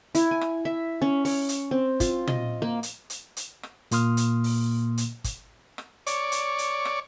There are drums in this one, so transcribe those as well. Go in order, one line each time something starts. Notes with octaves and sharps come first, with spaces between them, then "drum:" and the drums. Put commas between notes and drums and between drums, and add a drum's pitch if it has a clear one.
E4, drum: hi-hat
G#5
drum: rim click
E5
C#4
C#5, drum: open hi-hat
drum: hi-hat
C4
F4, drum: kick G1, hi-hat
D#5, drum: tom
A#3
drum: hi-hat
drum: hi-hat
drum: hi-hat
drum: rim click
A#2 A#3 C6 D#6 F6, drum: hi-hat
drum: hi-hat
drum: open hi-hat
drum: hi-hat
drum: kick G1, hi-hat
drum: rim click
C#5 D5, drum: hi-hat
drum: hi-hat
drum: hi-hat
drum: rim click